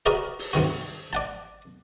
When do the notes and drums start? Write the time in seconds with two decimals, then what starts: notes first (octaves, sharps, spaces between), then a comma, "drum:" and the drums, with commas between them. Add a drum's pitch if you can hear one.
0.06 F#4 G#4 A#4 B4 D5 E5
0.39 drum: open hi-hat
0.53 G2 C3 D#3 F#4
1.13 D5 F#5 A5, drum: hi-hat